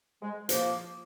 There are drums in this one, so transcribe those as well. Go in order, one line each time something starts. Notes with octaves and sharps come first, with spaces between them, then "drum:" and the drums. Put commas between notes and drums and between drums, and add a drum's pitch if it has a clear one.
G#3
F3 A#3, drum: hi-hat